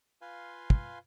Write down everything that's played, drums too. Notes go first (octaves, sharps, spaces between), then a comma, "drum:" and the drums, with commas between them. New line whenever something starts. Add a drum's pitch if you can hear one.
F4 B4 F5 G#5 C6
drum: kick